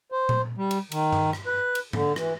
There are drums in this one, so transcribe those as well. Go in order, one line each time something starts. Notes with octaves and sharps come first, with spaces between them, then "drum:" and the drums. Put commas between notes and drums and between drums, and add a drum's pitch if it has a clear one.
C5
drum: tom A#2
G3
drum: cymbal
D#3, drum: cymbal
drum: tom G2
drum: rim click
B4
drum: cymbal
D3, drum: tom G#2
E3, drum: rim click